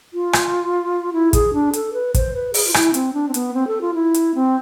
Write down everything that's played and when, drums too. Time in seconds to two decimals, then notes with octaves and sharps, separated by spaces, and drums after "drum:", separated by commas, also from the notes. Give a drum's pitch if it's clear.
0.13 F4
0.33 drum: rim click
1.13 E4
1.33 G#4, drum: kick, hi-hat
1.54 D4
1.73 A4, drum: hi-hat
1.93 B4
2.14 C5, drum: kick, hi-hat
2.34 B4
2.54 G#4, drum: open hi-hat
2.67 F4
2.74 E4, drum: rim click
2.94 C4, drum: hi-hat
3.14 D4
3.28 C4
3.34 B3, drum: hi-hat
3.54 C4
3.67 A4
3.81 F4
3.94 E4
4.14 drum: hi-hat
4.35 C4